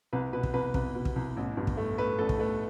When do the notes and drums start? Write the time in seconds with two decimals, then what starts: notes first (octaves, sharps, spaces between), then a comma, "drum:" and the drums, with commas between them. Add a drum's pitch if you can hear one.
0.13 C2 B4
0.33 B2 B4
0.43 drum: kick
0.54 C2 B4
0.74 C2 B4, drum: kick
0.95 B2
1.05 drum: kick
1.16 C2
1.36 A1
1.57 G2
1.67 drum: kick
1.77 A3
1.98 A3 B4
2.19 A1 A4
2.29 drum: kick
2.39 A3 B4